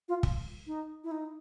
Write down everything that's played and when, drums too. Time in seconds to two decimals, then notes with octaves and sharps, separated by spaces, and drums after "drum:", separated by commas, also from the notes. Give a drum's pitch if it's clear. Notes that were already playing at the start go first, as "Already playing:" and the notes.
0.08 F4
0.23 drum: kick
0.67 D#4
1.04 E4
1.11 D#4